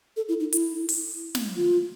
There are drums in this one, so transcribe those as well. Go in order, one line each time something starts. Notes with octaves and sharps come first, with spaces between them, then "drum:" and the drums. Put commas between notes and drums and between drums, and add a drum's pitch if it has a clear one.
A4
E4
D#4
E4, drum: hi-hat
drum: open hi-hat
drum: snare
F4